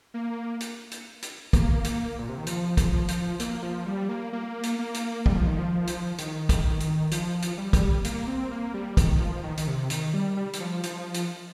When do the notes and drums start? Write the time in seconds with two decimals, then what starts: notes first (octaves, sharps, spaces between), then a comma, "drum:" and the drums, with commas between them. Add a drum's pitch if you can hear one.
0.14 A#3
0.60 drum: hi-hat
0.91 drum: hi-hat
1.22 drum: hi-hat
1.53 A#3, drum: kick, hi-hat
1.84 drum: hi-hat
2.19 A#2
2.29 C3
2.38 D#3
2.46 F3, drum: hi-hat
2.77 drum: kick, hi-hat
2.93 F3
3.08 drum: hi-hat
3.40 A#3, drum: hi-hat
3.62 F3
3.86 G3
4.09 A#3
4.33 A#3
4.63 drum: hi-hat
4.79 A#3
4.94 drum: hi-hat
5.26 G3, drum: kick
5.36 F3
5.47 D#3
5.58 F3
5.87 drum: hi-hat
6.18 D#3, drum: hi-hat
6.49 drum: kick, hi-hat
6.65 D#3
6.80 drum: hi-hat
7.11 F3, drum: hi-hat
7.42 drum: hi-hat
7.58 G3
7.73 drum: kick, hi-hat
8.04 A#3, drum: hi-hat
8.27 C4
8.51 A#3
8.74 G3
8.97 D#3, drum: kick, hi-hat
9.20 F3
9.43 D#3
9.57 D#3, drum: hi-hat
9.67 C3
9.90 D#3, drum: hi-hat
10.14 G3
10.37 G3
10.53 G3, drum: hi-hat
10.60 F3
10.83 F3, drum: hi-hat
11.14 drum: hi-hat